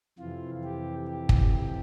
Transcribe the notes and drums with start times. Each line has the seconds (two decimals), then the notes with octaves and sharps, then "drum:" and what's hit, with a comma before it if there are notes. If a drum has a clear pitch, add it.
0.18 F2 C3 E3 F4
0.64 G4
1.07 G4
1.29 drum: kick
1.51 G4